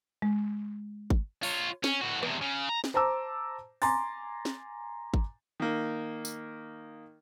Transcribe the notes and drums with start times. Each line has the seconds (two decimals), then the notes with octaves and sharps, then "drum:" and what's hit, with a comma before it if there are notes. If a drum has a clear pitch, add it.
0.22 G#3
1.10 drum: kick G#1
1.43 F4 C#5, drum: open hi-hat
1.84 C#4, drum: snare
2.02 A2 F#4
2.23 E2 C3, drum: rim click
2.42 C#3
2.69 A#5
2.84 drum: snare
2.94 C5 A5 A#5 D6 E6
3.82 G#5 A#5 C6 D6 A6, drum: open hi-hat
4.45 drum: snare
5.14 drum: kick G#1
5.60 D#3 A#3
6.25 drum: tambourine